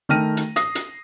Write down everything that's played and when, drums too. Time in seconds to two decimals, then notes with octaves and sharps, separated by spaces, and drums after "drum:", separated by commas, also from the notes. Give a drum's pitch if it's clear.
0.09 D#3 A3 G5 F6 A#6 D#7
0.37 drum: hi-hat
0.56 D#6 A#6 C7, drum: hi-hat
0.75 drum: hi-hat